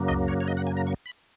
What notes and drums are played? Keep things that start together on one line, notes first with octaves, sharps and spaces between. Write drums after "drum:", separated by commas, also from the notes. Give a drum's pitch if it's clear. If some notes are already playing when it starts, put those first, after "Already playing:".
Already playing: F#2 C#3 F#3 A#3
D#5, drum: tom C#2
C#5
C#5
D#5
F#5
G#5
A#5
C#6
B5